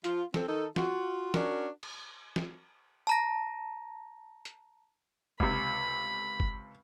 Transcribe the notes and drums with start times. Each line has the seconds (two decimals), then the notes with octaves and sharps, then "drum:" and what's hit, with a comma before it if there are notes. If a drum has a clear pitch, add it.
0.04 F3 F4, drum: hi-hat
0.34 C4 A4, drum: snare
0.47 D#3 D#4 A4
0.76 F4 F#4, drum: snare
1.34 C#4 D4 F#4 A#4, drum: snare
1.83 drum: cymbal
2.36 drum: snare
3.07 A5 A#5 A#6
4.45 drum: hi-hat
5.40 C#2 C3 B5, drum: kick
6.40 drum: kick